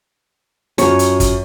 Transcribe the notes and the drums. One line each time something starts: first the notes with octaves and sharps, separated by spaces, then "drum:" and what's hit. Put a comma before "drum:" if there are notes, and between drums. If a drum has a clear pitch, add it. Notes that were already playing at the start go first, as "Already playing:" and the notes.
F#2 F3 C#5, drum: hi-hat
drum: hi-hat
drum: kick, hi-hat